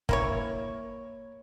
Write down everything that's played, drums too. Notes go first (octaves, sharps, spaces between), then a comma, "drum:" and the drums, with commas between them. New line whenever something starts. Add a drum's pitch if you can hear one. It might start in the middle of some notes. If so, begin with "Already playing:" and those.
A#3 E4 C#5, drum: kick